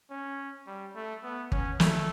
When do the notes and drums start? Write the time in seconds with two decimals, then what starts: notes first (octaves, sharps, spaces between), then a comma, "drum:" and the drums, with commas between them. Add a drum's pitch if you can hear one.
0.10 C#4
0.67 G3
0.95 A3
1.23 B3
1.52 C#4, drum: kick
1.80 A3, drum: snare